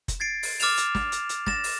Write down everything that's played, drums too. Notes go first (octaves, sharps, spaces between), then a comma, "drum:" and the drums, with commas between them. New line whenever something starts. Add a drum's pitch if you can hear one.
drum: kick F#1, hi-hat
G#6 A6 C7 D7
drum: open hi-hat
D6 F6 A6 C7 E7 F7, drum: open hi-hat
drum: hi-hat
drum: snare
drum: hi-hat
drum: hi-hat
A6 A#6 E7, drum: snare
drum: open hi-hat